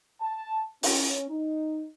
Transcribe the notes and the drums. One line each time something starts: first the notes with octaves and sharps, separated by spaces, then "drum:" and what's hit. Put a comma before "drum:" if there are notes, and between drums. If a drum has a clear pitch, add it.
A5
C#4, drum: open hi-hat
D#4